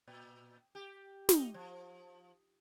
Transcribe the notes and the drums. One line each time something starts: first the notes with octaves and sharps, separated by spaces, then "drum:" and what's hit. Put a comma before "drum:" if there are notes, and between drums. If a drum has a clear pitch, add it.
A#2
G4
D#4, drum: snare
F3